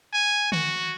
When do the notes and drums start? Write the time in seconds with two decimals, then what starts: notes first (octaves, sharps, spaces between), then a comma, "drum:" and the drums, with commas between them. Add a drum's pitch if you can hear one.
0.13 G#5
0.52 F#4, drum: tom D3